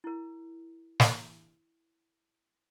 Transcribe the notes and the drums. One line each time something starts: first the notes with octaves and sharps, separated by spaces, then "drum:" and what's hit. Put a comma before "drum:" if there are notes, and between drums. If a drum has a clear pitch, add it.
E4 A#4
drum: snare